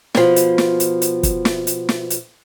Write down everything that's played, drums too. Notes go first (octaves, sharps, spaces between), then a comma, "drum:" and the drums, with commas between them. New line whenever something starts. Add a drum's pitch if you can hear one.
B2 F3, drum: snare
drum: hi-hat
drum: snare
drum: hi-hat
drum: hi-hat
drum: kick, hi-hat
drum: snare
drum: hi-hat
drum: snare
drum: hi-hat